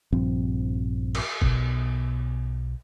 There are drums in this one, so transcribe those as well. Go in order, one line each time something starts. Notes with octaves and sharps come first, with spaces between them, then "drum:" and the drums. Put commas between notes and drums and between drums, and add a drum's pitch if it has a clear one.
A#1 G2 F3 C4
drum: cymbal
B1 B2, drum: kick G1